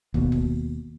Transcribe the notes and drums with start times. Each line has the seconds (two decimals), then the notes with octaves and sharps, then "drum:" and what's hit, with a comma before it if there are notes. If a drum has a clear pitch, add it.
0.14 D#2 B2, drum: kick
0.32 drum: kick